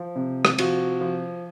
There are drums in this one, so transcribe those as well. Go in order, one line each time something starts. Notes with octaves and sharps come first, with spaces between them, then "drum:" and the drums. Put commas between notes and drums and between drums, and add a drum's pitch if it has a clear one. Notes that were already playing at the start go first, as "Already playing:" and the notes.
Already playing: F3
C3
drum: rim click
F3 F#4, drum: cymbal
F3